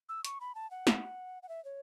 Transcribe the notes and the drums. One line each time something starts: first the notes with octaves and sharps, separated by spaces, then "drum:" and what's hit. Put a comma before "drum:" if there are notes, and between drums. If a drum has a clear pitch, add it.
E6
C#6, drum: hi-hat
B5
A5
F#5
drum: snare
F#5
E5
C#5